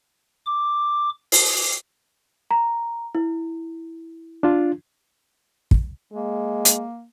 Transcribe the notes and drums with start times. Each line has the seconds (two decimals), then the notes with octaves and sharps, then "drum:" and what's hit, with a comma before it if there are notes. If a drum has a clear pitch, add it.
0.46 D6
1.32 drum: open hi-hat
2.51 A#5
3.15 E4
4.43 D4 F4
5.71 drum: kick
6.12 G#3 A#3
6.65 drum: hi-hat